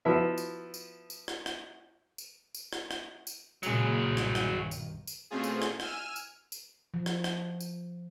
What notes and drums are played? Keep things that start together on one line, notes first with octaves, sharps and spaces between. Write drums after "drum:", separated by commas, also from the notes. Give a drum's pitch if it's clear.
F3 B3 E4 F#4 E5
drum: tambourine
drum: tambourine
drum: tambourine
drum: rim click
drum: rim click
drum: tambourine
drum: tambourine
drum: rim click
drum: rim click
drum: tambourine
A#2 C#3 F#3 G#3 G#4, drum: tambourine
B1 G2 D#3
drum: rim click
drum: rim click
drum: tambourine
drum: tambourine
B2 A3 C4 C#4 F4 G#4
drum: tambourine
drum: rim click
G#5 E6 F6 D#7, drum: rim click
drum: tambourine
drum: tambourine
F3
drum: rim click
drum: rim click
drum: tambourine